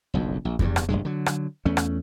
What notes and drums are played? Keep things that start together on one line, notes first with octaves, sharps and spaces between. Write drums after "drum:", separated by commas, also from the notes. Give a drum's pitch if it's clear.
F#1 B1 F2
A#1
E2 G2, drum: kick F2
drum: rim click
F1 C2 G2 G#3
D3 F#3
drum: rim click
E2 A3 C#4
drum: rim click